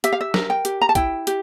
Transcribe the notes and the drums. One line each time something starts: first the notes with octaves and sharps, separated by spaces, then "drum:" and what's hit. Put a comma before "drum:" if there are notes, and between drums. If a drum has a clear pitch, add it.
G4 E5, drum: hi-hat
F5
E5
A#4, drum: snare
G5
G4, drum: hi-hat
A#5
A5
E4 G5, drum: kick, hi-hat
G4, drum: hi-hat